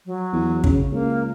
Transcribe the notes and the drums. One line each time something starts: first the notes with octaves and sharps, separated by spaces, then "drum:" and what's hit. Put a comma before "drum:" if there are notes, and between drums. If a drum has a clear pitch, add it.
F#3
E2
C#3, drum: kick
C#2 A#3